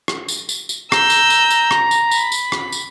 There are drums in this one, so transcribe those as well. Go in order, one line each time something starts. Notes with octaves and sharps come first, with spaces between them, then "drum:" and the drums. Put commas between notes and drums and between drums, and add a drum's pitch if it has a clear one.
drum: rim click
drum: tambourine
drum: tambourine
drum: tambourine
A#5 E6 G6, drum: rim click
drum: tambourine
drum: tambourine
drum: tambourine
drum: rim click
drum: tambourine
B5, drum: tambourine
drum: tambourine
drum: rim click
drum: tambourine